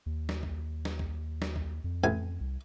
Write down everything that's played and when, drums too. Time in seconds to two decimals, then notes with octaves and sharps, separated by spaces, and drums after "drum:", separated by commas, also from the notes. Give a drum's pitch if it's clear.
0.06 D#2
0.29 drum: snare
0.43 drum: kick B1
0.85 drum: snare
0.99 drum: kick B1
1.42 drum: snare
1.56 drum: kick B1
1.84 F2
2.04 A1 G#5
2.41 C2